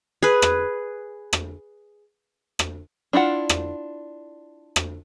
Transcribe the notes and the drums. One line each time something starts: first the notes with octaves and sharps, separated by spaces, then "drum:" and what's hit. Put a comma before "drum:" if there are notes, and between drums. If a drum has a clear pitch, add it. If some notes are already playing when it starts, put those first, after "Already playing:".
G#4 B4
drum: rim click
drum: rim click
drum: rim click
D4 E4 F4 F#5
drum: rim click
drum: rim click